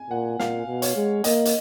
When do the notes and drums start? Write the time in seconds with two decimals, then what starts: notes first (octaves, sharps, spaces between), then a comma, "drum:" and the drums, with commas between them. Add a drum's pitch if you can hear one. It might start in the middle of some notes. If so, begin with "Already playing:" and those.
Already playing: G#5
0.10 A#2 F#5
0.39 A#2 F5, drum: snare
0.67 B2
0.82 C#5, drum: hi-hat
0.96 G#3
1.24 A#3 D#5, drum: hi-hat
1.45 drum: hi-hat